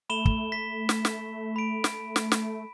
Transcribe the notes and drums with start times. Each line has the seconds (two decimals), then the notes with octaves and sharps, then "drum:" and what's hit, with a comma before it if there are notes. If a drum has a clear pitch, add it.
0.10 A3 B5 E7 G7
0.25 drum: kick
0.52 B6
0.89 drum: snare
1.05 drum: snare
1.56 B5 D7
1.84 drum: snare
2.16 drum: snare
2.32 drum: snare